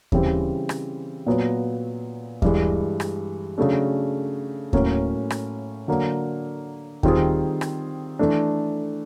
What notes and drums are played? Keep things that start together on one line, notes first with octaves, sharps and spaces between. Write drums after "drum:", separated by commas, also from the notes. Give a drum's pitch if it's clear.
C#3 E3 G3 C4, drum: kick D#2
drum: rim click
A#2 F#3 B3
G2 E3 G#3, drum: kick D#2
drum: rim click
C#3 F#3 A3 D4
A2 F#3 A#3 C#4, drum: kick D#2
drum: rim click
D3 F#3 A#3
D#3 G3 C4 F4 G#4, drum: kick D#2
drum: rim click
E3 A3 D4